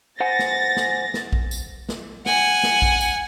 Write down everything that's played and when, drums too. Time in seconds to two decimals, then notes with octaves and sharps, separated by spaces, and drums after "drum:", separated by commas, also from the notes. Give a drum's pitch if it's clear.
0.20 C5 F#5 G#5 A6 A#6
0.39 drum: snare
0.76 drum: snare
1.14 drum: snare
1.33 drum: kick A#1
1.51 drum: tambourine
1.89 drum: snare
2.26 F#5 G#5, drum: snare
2.63 drum: snare
2.82 drum: kick A#1
3.01 drum: tambourine